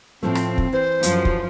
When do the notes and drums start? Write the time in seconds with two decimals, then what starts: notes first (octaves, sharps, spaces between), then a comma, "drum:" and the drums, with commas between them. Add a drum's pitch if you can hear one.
0.23 A2 F3 A3 C4
0.35 drum: rim click
0.58 drum: kick
0.73 E3 C5
1.03 F#2 F3, drum: hi-hat
1.25 drum: kick